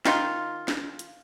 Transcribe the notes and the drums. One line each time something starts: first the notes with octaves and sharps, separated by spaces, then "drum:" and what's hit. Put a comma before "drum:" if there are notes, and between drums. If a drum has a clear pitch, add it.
D#3 D#4 F4, drum: snare
drum: snare
drum: hi-hat